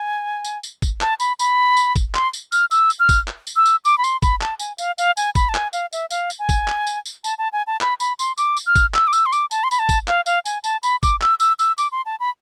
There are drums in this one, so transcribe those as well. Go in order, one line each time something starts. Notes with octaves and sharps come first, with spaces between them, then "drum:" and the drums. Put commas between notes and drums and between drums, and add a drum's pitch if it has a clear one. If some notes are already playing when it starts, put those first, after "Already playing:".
Already playing: G#5
drum: tambourine
drum: tambourine
drum: kick, tambourine
A5, drum: clap
B5, drum: tambourine
B5, drum: tambourine
drum: tambourine
drum: kick, tambourine
C6, drum: clap
drum: tambourine
F6, drum: tambourine
E6, drum: tambourine
drum: tambourine
F6
drum: kick, tambourine
drum: clap
drum: tambourine
E6
drum: tambourine
D6, drum: tambourine
B5
C6, drum: tambourine
B5, drum: kick, tambourine
A5, drum: clap
G#5, drum: tambourine
F5, drum: tambourine
F5, drum: tambourine
G#5, drum: tambourine
B5, drum: kick, tambourine
A5
G#5, drum: clap
F5, drum: tambourine
E5, drum: tambourine
F5, drum: tambourine
drum: tambourine
G#5
drum: kick, tambourine
drum: clap
drum: tambourine
drum: tambourine
A5, drum: tambourine
A5
G#5
A5
B5, drum: clap
B5, drum: tambourine
C6, drum: tambourine
D6, drum: tambourine
drum: tambourine
F6
drum: kick, tambourine
E6, drum: clap
D6
E6, drum: tambourine
C6
D6, drum: tambourine
A5, drum: tambourine
C6
B5, drum: tambourine
A5
drum: kick, tambourine
F5, drum: clap
F5, drum: tambourine
G#5, drum: tambourine
A5, drum: tambourine
B5, drum: tambourine
D6, drum: kick, tambourine
E6, drum: clap
E6, drum: tambourine
E6, drum: tambourine
D6, drum: tambourine
C6
A5
B5